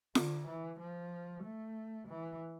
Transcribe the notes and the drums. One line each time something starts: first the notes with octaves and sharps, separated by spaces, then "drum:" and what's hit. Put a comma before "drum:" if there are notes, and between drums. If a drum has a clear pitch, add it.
D3, drum: snare F4
E3
F3
A3
E3